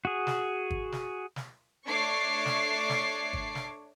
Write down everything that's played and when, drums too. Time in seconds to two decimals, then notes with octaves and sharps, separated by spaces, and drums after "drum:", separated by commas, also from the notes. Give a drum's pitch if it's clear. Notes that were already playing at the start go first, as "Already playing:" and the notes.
0.05 F#4 G#4
0.27 drum: snare
0.70 drum: kick
0.92 drum: snare
1.36 drum: snare
1.87 A3 D4 C#5 C#6 D6 C7
2.46 drum: snare
2.89 drum: snare
3.33 drum: kick
3.55 drum: snare